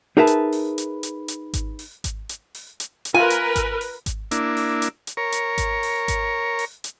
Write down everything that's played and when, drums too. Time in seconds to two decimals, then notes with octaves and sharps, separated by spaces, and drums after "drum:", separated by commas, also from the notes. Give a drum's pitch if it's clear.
0.17 D#4 G#4 A#4 B4 E5 A5
0.27 drum: hi-hat
0.52 drum: open hi-hat
0.78 drum: hi-hat
1.03 drum: hi-hat
1.28 drum: hi-hat
1.54 drum: kick G#1, hi-hat
1.79 drum: open hi-hat
2.04 drum: kick G#1, hi-hat
2.29 drum: hi-hat
2.55 drum: open hi-hat
2.80 drum: hi-hat
3.05 drum: hi-hat
3.14 F4 A#4 B4 G#5
3.30 drum: hi-hat
3.56 drum: kick G#1, hi-hat
3.81 drum: open hi-hat
4.06 drum: kick G#1, hi-hat
4.31 A#3 D4 E4, drum: hi-hat
4.57 drum: open hi-hat
4.82 drum: hi-hat
5.07 drum: hi-hat
5.17 A#4 C#5
5.32 drum: hi-hat
5.58 drum: kick G#1, hi-hat
5.83 drum: open hi-hat
6.08 drum: kick G#1, hi-hat
6.59 drum: open hi-hat
6.84 drum: hi-hat